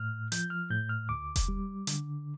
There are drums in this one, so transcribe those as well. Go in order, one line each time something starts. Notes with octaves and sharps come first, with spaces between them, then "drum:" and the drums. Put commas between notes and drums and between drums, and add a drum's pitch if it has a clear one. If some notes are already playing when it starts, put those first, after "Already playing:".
Already playing: A2 F6
F3 G6, drum: hi-hat
F6
A2 G6
F6
D2 D6
drum: kick E1, hi-hat
G3
D3, drum: hi-hat